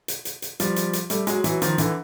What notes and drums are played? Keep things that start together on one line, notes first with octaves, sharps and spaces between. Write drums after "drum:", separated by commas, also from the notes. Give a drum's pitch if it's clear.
drum: hi-hat
drum: hi-hat
drum: hi-hat
F3 G3, drum: hi-hat
drum: hi-hat
drum: hi-hat
G3 A3, drum: hi-hat
F#3 G#3, drum: hi-hat
E3 F#3, drum: hi-hat
D#3 F3, drum: hi-hat
D3 E3, drum: hi-hat